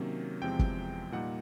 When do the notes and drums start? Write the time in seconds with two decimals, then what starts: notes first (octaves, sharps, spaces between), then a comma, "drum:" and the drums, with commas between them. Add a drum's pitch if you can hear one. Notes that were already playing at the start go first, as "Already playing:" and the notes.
Already playing: C3 D#3 F#3 A#3 C#4
0.42 E2 C3 F3 G#3 C4 G5
0.59 drum: kick
1.12 A#2 G3 A#3 D#4 F#5